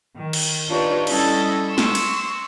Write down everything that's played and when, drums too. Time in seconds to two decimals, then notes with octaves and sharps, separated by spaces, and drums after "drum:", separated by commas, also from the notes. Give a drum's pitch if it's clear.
0.16 D#3
0.33 drum: cymbal
0.68 D4 D#4 F4 G4 B4 C#5
1.07 G3 C#4 E4 A4 D#5, drum: cymbal
1.69 C6 C#6 E6
1.78 drum: snare
1.95 drum: cymbal